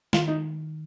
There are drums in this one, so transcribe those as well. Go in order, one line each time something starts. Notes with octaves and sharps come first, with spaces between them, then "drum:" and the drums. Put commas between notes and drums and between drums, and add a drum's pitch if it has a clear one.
D#3 F4, drum: snare
D#4